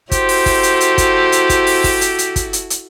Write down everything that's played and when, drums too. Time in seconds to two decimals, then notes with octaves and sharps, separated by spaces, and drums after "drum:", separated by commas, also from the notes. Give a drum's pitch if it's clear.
0.11 E4 F#4 G4 A4 C5, drum: kick, hi-hat
0.29 drum: open hi-hat
0.46 drum: kick, open hi-hat
0.63 drum: hi-hat
0.80 drum: hi-hat
0.98 drum: kick, hi-hat
1.32 drum: hi-hat
1.50 drum: kick, hi-hat
1.67 drum: open hi-hat
1.84 drum: kick, open hi-hat
2.01 drum: hi-hat
2.19 drum: hi-hat
2.36 drum: kick, hi-hat
2.53 drum: hi-hat
2.70 drum: hi-hat